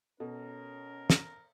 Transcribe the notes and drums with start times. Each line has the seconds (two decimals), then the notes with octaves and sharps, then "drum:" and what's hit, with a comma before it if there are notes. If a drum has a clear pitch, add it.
0.20 B2 C#4 A4 A#4
1.10 drum: snare